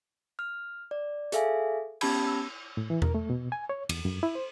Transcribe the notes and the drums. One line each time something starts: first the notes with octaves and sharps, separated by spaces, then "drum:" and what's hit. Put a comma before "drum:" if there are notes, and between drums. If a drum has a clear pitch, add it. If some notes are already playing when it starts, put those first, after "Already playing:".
F6
D5
G#4 A4 E5 F5 G#5, drum: hi-hat
B3 C#4 G4 A5 B5 G#6, drum: cymbal
E6
A2
E3
A#4, drum: tom E2
A3
B2
G#5
C#5
E2, drum: cymbal
F#2
E4
C5